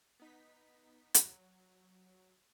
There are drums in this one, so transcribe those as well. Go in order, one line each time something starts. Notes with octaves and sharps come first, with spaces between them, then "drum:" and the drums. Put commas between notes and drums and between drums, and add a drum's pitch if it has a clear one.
B3 D#4 B6
F#3, drum: hi-hat